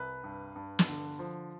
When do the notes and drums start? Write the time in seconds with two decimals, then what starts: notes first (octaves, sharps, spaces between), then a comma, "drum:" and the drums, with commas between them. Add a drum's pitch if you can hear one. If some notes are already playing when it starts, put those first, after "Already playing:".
Already playing: C2 B4
0.24 G2
0.56 G2
0.79 drum: snare
0.88 D3
1.19 F3